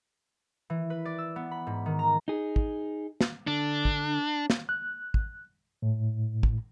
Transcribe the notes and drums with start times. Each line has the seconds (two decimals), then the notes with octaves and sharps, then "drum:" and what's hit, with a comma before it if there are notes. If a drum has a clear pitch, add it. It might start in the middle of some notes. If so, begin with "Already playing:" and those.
0.70 E3
0.90 B4
1.05 D5
1.18 E6
1.36 B3
1.51 B5
1.67 G#2
1.86 D#3
1.99 A#5
2.28 D#4 G#4
2.56 drum: kick
3.21 drum: snare
3.47 D3 D4
3.85 drum: kick
4.50 drum: snare
4.69 F#6
5.14 drum: kick
5.82 A2
6.43 drum: kick